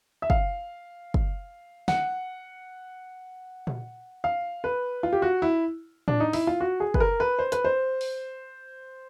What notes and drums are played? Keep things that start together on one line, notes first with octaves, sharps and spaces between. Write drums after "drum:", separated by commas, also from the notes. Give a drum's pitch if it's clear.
E5
F5, drum: kick
drum: kick
F#5, drum: snare
drum: tom A#2
F5
B4
F4
G4
F#4
E4
D4, drum: tom A2
D#4
E4, drum: open hi-hat
F4
F#4
G#4
B4, drum: kick
A#4
B4
C5
B4, drum: hi-hat
C5
drum: open hi-hat